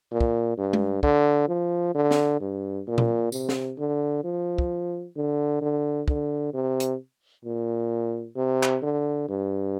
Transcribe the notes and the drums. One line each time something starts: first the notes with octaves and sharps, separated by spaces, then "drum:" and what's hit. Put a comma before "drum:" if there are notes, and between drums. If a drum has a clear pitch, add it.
A#2
drum: kick
G2
drum: tom G#3
D3, drum: kick
F3
D3
drum: snare
G2
A#2
drum: tom A#2
C3, drum: tambourine
drum: snare
D3
F3
drum: kick
D3
D3
D3, drum: kick
C3
drum: hi-hat
A#2
C3
drum: clap
D3
G2